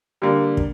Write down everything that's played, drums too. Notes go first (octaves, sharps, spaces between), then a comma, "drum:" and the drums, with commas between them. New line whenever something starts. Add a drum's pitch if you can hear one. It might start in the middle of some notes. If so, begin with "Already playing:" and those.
D3 G3 A#3
drum: kick